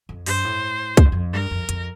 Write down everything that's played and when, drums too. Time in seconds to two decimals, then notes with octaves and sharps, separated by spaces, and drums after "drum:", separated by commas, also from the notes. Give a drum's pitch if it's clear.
0.09 F2
0.26 G2 C5, drum: open hi-hat
0.45 A2
0.97 F2, drum: kick C2, hi-hat
1.05 G2
1.12 F2
1.33 G2 A#4
1.51 F2
1.69 F2, drum: hi-hat